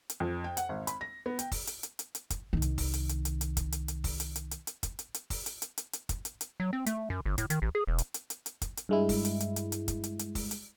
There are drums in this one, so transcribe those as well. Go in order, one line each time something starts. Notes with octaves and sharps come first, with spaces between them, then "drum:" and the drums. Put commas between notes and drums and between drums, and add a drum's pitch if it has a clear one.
drum: hi-hat
F2
G5
F#5, drum: hi-hat
G#1
B5, drum: hi-hat
A#6
B3
G5, drum: hi-hat
drum: kick, open hi-hat
drum: hi-hat
drum: hi-hat
drum: hi-hat
drum: hi-hat
drum: kick, hi-hat
C2 D#3
drum: hi-hat
drum: kick, open hi-hat
drum: hi-hat
drum: hi-hat
drum: hi-hat
drum: hi-hat
drum: kick, hi-hat
drum: hi-hat
drum: hi-hat
drum: kick, open hi-hat
drum: hi-hat
drum: hi-hat
drum: hi-hat
drum: hi-hat
drum: kick, hi-hat
drum: hi-hat
drum: hi-hat
drum: kick, open hi-hat
drum: hi-hat
drum: hi-hat
drum: hi-hat
drum: hi-hat
drum: kick, hi-hat
drum: hi-hat
drum: hi-hat
F#3
C4
A3, drum: hi-hat
F#2
G1
A2, drum: kick, hi-hat
D#3, drum: hi-hat
A1
G#4
E1
drum: hi-hat
drum: hi-hat
drum: hi-hat
drum: hi-hat
drum: kick, hi-hat
drum: hi-hat
G2 G#3 E4
drum: kick, open hi-hat
drum: hi-hat
drum: hi-hat
drum: hi-hat
drum: hi-hat
drum: kick, hi-hat
drum: hi-hat
drum: hi-hat
drum: kick, open hi-hat
drum: hi-hat